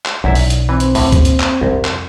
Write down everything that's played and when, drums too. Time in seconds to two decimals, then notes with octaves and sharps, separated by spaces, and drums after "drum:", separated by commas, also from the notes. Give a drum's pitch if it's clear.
0.06 drum: clap
0.24 B1 F#2 E4 D5 E5
0.35 drum: open hi-hat
0.50 drum: hi-hat
0.69 E3 C4 C5
0.80 drum: hi-hat
0.95 D2 A2 D3, drum: open hi-hat
1.12 A#3, drum: kick C#2, hi-hat
1.25 drum: hi-hat
1.40 drum: clap
1.61 C2 F2
1.85 drum: clap